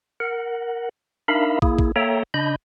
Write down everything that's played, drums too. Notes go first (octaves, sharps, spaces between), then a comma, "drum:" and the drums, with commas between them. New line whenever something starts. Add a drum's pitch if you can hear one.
A#4 F#5
D4 D#4 A#4 E5 F5 B5
A#3 E4 G#4, drum: kick
drum: kick
A#3 A4 C#5 E5 G5 A#5
C#3 D4 D#5 B5 G6